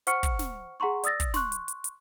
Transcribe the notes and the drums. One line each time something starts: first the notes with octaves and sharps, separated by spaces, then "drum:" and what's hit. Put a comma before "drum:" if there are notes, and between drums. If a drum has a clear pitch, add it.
C5 F#5 C#6 F6 C#7, drum: hi-hat
drum: kick, hi-hat
drum: snare
G#4 F#5 A#5 C6 C#6
D5 D#6 E6 A6 A#6, drum: hi-hat
drum: kick, hi-hat
C6 C#6 F#6, drum: snare
drum: hi-hat
drum: hi-hat
drum: hi-hat